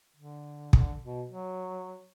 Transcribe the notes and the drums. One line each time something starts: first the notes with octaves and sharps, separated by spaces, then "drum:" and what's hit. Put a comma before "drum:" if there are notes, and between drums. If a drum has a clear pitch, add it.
D3
D3, drum: kick
B2
F#3